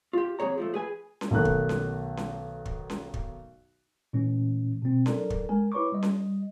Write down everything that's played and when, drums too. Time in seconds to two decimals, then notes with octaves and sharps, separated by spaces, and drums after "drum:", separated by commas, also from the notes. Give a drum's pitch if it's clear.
0.13 F4 G4
0.39 F2 F3 G#4 C#5 A#5
0.58 F3 G3 A3
0.74 G#4 B4 G#5
1.21 drum: snare C#4
1.31 B1 D#3 A3 F#6
1.45 drum: kick
1.69 drum: snare C#4
2.17 drum: snare C#4
2.65 drum: kick
2.90 drum: snare C#4
3.14 drum: kick
4.13 A#2 E3 A3 C#4
4.82 B2 C4
5.06 F#3 D4 A4 A#4 D5, drum: snare C#4
5.30 drum: kick
5.49 G#3 A#4 G#5
5.72 E4 B4 C#5 B5 C#6 D6
5.92 G3 D#5
6.03 drum: snare C#4